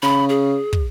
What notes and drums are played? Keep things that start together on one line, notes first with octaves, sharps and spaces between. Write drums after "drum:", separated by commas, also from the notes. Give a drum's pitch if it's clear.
C#3 B5
G#4
drum: kick